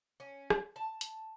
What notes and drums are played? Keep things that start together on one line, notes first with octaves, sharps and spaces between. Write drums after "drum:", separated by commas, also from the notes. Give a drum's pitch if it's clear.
C#4
drum: rim click
A5
drum: hi-hat